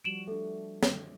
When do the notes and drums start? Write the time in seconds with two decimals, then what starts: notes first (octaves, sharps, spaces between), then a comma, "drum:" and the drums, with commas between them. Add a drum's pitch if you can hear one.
0.04 F3 G3 F#4 D7 E7 F#7
0.28 A3 D4 A4
0.83 drum: snare